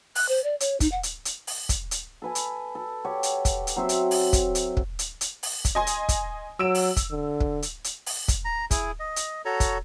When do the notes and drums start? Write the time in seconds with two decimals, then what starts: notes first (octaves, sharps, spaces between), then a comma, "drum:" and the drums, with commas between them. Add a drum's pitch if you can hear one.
0.15 F#6, drum: open hi-hat
0.29 C5
0.44 D5
0.60 C#5, drum: hi-hat
0.80 D#4, drum: kick, hi-hat
0.92 F#5
1.03 drum: hi-hat
1.25 drum: hi-hat
1.47 drum: open hi-hat
1.69 drum: kick, hi-hat
1.91 drum: hi-hat
2.22 A4 B4 G#5
2.35 drum: hi-hat
2.75 A4
3.04 G4 C#5 F#5
3.23 drum: hi-hat
3.45 drum: kick, hi-hat
3.67 drum: hi-hat
3.76 F#3 C4 E5
3.89 drum: hi-hat
4.11 drum: open hi-hat
4.33 drum: kick, hi-hat
4.55 drum: hi-hat
4.77 drum: kick
4.99 drum: hi-hat
5.21 drum: hi-hat
5.43 drum: open hi-hat
5.65 drum: kick, hi-hat
5.75 D#5 G#5 C6
5.87 drum: hi-hat
6.09 drum: kick, hi-hat
6.59 F#3 E6 D7 E7
6.75 drum: open hi-hat
6.97 drum: kick, hi-hat
7.11 D3
7.40 drum: kick
7.62 drum: hi-hat
7.84 drum: hi-hat
8.06 drum: open hi-hat
8.28 drum: kick, hi-hat
8.45 A#5
8.71 E4 G#4, drum: kick, hi-hat
9.00 D#5
9.16 drum: hi-hat
9.45 F#4 A4 C#5 A#5
9.60 drum: kick, hi-hat